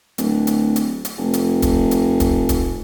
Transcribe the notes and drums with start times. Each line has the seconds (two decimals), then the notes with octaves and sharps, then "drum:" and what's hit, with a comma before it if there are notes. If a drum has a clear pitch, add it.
0.18 D1, drum: hi-hat
0.47 drum: hi-hat
0.76 drum: hi-hat
1.05 drum: hi-hat
1.18 F1
1.33 drum: hi-hat
1.62 drum: kick D#1, hi-hat
1.91 drum: hi-hat
2.20 drum: kick D#1, hi-hat
2.49 drum: kick D#1, hi-hat